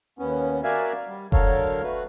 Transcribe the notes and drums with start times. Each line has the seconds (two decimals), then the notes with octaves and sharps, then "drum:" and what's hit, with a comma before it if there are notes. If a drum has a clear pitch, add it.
0.19 D#2 B3 C#4
0.63 F#4 A#4 D5 E5 F5 G#5
1.07 G3
1.32 D3 F#3 A4 A#4 C#5 F5, drum: kick F1
1.83 A3 F#4 B4